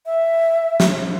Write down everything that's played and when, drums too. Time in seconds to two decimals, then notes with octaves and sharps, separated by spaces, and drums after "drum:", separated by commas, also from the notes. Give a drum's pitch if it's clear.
0.06 E5
0.80 drum: snare